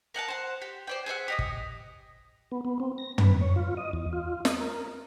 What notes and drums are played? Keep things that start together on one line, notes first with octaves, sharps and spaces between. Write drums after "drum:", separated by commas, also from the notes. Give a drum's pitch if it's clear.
A#4 F#5 G5 A5
C5 F#5
G4
C5 D5 G5
G#4 C5 E5 F#5
G4 D#5 D#6
drum: kick
B3
B3
C4
A#6
B4, drum: tom
C#5
F4
D#5
E2
F4
D#5, drum: snare
A#4